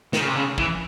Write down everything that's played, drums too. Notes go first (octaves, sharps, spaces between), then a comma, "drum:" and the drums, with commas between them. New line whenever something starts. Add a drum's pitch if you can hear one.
D#3, drum: snare
C#3
C3
C#3
E3, drum: kick